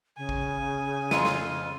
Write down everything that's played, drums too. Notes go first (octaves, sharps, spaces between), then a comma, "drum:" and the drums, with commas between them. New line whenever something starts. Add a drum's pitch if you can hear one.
C#3 G#5
drum: kick
F2 F4 C6 D#7, drum: snare
drum: snare